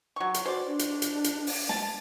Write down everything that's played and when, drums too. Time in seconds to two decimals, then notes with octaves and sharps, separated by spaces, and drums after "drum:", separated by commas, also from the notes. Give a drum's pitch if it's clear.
0.16 F#3 C#6
0.34 drum: hi-hat
0.46 F#4 C5 D5
0.66 D4
0.79 drum: hi-hat
1.02 drum: hi-hat
1.24 drum: hi-hat
1.47 drum: open hi-hat
1.69 A5, drum: snare